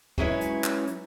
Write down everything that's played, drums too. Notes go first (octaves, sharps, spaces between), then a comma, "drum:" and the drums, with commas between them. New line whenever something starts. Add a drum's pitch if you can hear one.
F#3 G#3 C#4 E4 B4 C#5, drum: kick
drum: hi-hat
drum: clap
drum: hi-hat